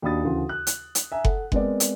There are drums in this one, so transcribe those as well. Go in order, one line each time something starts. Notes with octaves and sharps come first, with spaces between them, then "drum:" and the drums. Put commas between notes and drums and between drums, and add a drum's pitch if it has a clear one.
D#2 D4 F#4 B5 D#6 A6
D2 C#3 E3 F#5 C6
F#6
drum: hi-hat
drum: hi-hat
E5 G#5 A#5
A4 F#5, drum: kick F#1
G#3 B3 C4 A#4 D5, drum: kick F#1
drum: hi-hat